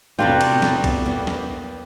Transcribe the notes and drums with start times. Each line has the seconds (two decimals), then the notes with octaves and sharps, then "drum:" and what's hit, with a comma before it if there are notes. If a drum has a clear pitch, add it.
0.19 E2 C3 G3 A3 D4 F4 F#4 G5
0.41 drum: cymbal
0.62 drum: snare
0.84 drum: kick B1, cymbal
1.06 A#3 B3
1.27 drum: snare